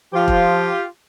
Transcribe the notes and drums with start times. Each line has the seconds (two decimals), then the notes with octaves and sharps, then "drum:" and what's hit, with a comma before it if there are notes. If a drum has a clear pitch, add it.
0.14 F3 F4 G4
0.28 drum: kick